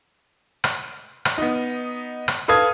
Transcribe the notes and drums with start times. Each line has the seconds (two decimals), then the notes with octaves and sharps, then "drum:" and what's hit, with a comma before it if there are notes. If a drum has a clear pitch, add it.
0.64 drum: rim click
1.25 drum: rim click
1.38 B3 D#4
2.28 drum: rim click
2.48 A4 B4 F5 D#6 G#6